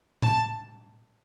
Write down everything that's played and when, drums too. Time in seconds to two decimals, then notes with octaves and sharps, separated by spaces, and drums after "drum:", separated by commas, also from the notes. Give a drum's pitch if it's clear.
0.22 A5, drum: tom A2